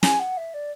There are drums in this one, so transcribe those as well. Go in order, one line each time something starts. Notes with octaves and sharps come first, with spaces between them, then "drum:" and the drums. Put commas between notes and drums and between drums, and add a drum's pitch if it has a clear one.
G#5, drum: snare
F#5
E5
D5